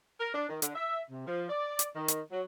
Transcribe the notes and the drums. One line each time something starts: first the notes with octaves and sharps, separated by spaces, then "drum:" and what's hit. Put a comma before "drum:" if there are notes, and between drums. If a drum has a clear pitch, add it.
A#4
D4
D#3
D3, drum: hi-hat
E5
C3
F3
D5
drum: hi-hat
D#3
drum: hi-hat
F#3